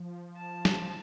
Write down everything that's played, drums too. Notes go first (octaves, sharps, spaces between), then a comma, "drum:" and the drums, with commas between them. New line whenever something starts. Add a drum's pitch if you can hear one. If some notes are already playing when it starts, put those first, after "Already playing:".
Already playing: F3
A5
drum: snare